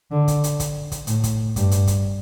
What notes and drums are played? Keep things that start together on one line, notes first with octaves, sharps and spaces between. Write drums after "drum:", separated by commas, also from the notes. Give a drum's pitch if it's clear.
D3
drum: kick, hi-hat
drum: hi-hat
drum: kick, hi-hat
drum: kick, hi-hat
A2, drum: hi-hat
drum: kick, hi-hat
G2, drum: kick, hi-hat
drum: hi-hat
drum: kick, hi-hat